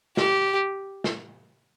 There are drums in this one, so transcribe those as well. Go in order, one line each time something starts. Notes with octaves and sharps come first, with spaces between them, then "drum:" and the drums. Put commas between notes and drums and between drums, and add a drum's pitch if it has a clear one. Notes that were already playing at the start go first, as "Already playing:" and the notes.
G4, drum: snare
drum: snare